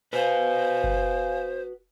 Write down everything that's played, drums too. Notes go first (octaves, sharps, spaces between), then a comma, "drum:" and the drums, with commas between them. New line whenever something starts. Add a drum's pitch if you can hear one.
F#4 B4 C5 F5 G#5
drum: kick F#1